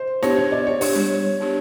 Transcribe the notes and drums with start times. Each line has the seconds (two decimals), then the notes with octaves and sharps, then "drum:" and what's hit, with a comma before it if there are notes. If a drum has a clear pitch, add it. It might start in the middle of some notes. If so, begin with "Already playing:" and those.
Already playing: C5
0.23 B3 D4 G4 C#5, drum: snare
0.37 C#5
0.52 D5
0.67 C#5
0.81 B3 D4 G4 C#5, drum: open hi-hat
0.96 drum: tom G3
1.40 B3 D4 G4